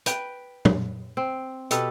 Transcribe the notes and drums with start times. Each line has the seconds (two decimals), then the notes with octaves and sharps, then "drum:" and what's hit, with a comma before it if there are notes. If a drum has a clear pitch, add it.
0.06 B4 G5, drum: hi-hat
0.65 drum: tom
1.17 C4
1.71 B2 G4 A4 B4, drum: hi-hat